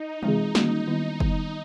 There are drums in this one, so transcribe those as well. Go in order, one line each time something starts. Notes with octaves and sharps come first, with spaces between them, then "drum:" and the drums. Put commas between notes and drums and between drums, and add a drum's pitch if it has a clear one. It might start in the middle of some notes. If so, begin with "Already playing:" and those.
Already playing: D#4
E3 G#3 C4 D#4 F4 G#4, drum: tom
D#3 G3 A#3 C#4 D#4 F#4, drum: snare
D#3 G3 B3 E4
D#3 G3 B3, drum: kick